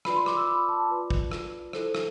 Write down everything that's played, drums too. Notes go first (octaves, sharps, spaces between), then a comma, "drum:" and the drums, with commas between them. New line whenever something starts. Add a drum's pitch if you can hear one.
F4 B4 D5 B5, drum: rim click
C6
D6, drum: rim click
E6
B5
A5
F4 B4 D5
drum: kick
drum: rim click
E4 A4 C5, drum: rim click
drum: rim click